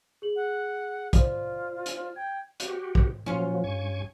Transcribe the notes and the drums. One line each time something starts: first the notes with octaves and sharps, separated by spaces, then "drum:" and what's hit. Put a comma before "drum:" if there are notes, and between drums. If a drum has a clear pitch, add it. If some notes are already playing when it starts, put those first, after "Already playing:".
G#4 F#7
F#5
F4 C5 D5, drum: kick, hi-hat
drum: hi-hat
G5 G#6
F#4 G4, drum: hi-hat
drum: kick
A#2 F3 F#3 C#4 F4
G2 G#5 C#6